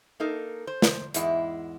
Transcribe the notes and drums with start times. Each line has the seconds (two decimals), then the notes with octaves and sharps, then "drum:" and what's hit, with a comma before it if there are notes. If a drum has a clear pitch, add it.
0.20 A#3 D#4 A4 A#4
0.67 C5
0.82 drum: snare
1.14 E2 G#2 G#3 E4, drum: hi-hat